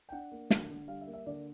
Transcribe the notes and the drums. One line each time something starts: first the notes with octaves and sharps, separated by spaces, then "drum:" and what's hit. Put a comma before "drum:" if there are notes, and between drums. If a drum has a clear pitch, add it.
G5
D4 F#5
A#3
D3, drum: snare
D3
G3 F5
E5
A#3
E5
D3 D5